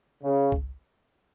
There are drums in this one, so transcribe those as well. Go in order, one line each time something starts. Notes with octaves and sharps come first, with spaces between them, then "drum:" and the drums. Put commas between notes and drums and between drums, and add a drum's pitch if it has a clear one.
C#3
drum: kick C2